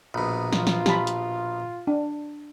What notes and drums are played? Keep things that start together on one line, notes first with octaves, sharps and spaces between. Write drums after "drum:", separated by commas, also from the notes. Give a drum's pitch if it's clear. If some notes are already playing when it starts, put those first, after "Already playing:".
A#1 B2 B5
F4, drum: snare
drum: snare
G4 A5 B5, drum: snare
drum: hi-hat
D4